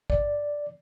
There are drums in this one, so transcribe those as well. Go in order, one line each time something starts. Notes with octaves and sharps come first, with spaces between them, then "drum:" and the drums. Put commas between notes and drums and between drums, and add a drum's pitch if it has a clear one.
D5, drum: kick